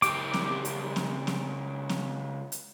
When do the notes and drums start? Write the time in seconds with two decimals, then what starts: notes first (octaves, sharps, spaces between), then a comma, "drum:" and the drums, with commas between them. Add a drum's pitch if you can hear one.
0.02 C#2 G4 D6, drum: hi-hat
0.33 drum: snare C4
0.65 drum: hi-hat
0.96 drum: snare C4
1.27 drum: snare C4
1.89 drum: snare C4
2.52 drum: hi-hat